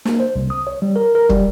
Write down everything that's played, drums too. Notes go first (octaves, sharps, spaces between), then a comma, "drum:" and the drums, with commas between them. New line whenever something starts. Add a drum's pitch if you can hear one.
A#3, drum: snare
C5
C2
D#6
C#5
G3
A#4
A#4
G3, drum: kick